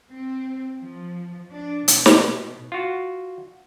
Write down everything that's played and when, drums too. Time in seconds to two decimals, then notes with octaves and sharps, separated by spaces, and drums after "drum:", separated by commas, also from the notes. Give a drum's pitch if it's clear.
0.12 C4
0.79 F3
1.51 D4
1.88 B2, drum: hi-hat
2.06 drum: snare
2.72 F4 F#4